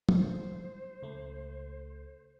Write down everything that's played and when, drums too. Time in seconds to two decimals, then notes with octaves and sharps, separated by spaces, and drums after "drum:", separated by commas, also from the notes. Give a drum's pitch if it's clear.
0.09 C5, drum: tom
1.02 C#2 A3